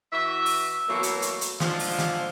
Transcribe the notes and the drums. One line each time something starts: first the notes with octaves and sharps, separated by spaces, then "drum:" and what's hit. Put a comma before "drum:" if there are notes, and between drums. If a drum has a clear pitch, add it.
E3 F#4 E5
drum: open hi-hat
B2 E3 F#3 A3 A#3
drum: hi-hat
drum: hi-hat
drum: hi-hat
G#2 D3 F3, drum: snare
drum: open hi-hat
drum: snare